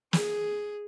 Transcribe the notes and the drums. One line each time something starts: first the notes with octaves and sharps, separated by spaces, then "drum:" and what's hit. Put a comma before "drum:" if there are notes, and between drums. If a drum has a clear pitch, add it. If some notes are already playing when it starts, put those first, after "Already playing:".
G#4, drum: snare